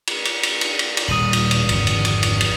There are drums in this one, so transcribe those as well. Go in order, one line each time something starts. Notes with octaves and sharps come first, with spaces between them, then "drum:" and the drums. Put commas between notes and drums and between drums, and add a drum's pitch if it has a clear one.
drum: cymbal
drum: cymbal
drum: cymbal
drum: cymbal
drum: cymbal
drum: cymbal
D#1 G3 D#6 D#7 F#7
drum: cymbal
drum: cymbal
G#1 F2 D3, drum: cymbal
drum: cymbal
drum: cymbal
drum: cymbal
drum: cymbal